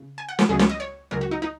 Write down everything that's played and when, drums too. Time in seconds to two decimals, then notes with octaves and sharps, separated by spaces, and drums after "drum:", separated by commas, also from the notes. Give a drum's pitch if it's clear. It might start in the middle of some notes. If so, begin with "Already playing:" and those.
Already playing: C#3
0.18 G#5
0.29 F#5
0.39 C#5, drum: snare
0.49 C#2 C#3 F#3 G#4
0.59 C#5, drum: snare
0.69 D#5
0.80 C#5
1.11 C#2 C#3 F#3 A#4
1.21 F#4
1.31 D#4
1.42 D#4